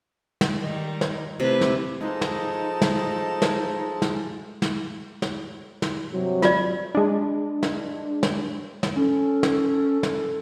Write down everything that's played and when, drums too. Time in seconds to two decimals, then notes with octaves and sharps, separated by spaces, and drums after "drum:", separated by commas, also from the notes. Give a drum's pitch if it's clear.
0.41 drum: snare
0.61 D#3 G3 D#4
1.01 drum: snare
1.40 C3 A3 E4 B4
1.61 drum: snare
2.01 F3 G#3 D#4 A4 A5
2.21 drum: snare
2.82 drum: snare
3.42 drum: snare
4.02 drum: snare
4.62 drum: snare
5.22 drum: snare
5.82 drum: snare
6.13 G2 C3 F#3
6.42 F4 D5, drum: snare
6.95 G#3 D4
7.63 drum: snare
8.23 drum: snare
8.83 drum: snare
8.96 C#4 A4
9.43 drum: snare
10.03 drum: snare